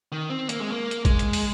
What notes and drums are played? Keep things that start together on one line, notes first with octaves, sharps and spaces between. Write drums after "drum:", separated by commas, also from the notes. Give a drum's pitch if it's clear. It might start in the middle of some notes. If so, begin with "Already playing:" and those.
D#3
C4
A#3, drum: hi-hat
G#3
A#3
drum: hi-hat
G#3, drum: kick, hi-hat
drum: hi-hat
drum: open hi-hat